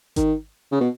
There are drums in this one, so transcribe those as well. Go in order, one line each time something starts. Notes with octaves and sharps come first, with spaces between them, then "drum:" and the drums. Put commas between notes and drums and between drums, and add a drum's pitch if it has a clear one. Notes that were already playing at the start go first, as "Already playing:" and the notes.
D#3, drum: kick G#1, hi-hat
C#3
B2